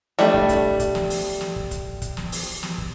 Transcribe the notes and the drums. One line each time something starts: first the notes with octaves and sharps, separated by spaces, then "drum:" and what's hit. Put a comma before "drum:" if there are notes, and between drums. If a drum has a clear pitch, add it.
G3 A3 D4, drum: snare
drum: kick
drum: kick, hi-hat
drum: kick, hi-hat
drum: snare
drum: open hi-hat
drum: snare
drum: kick
drum: kick, hi-hat
drum: kick, hi-hat
drum: snare
drum: open hi-hat
drum: snare
drum: kick